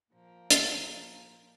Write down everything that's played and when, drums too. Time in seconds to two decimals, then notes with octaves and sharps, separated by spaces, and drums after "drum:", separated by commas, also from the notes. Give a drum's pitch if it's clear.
0.12 A#2 F3 A#3
0.50 drum: hi-hat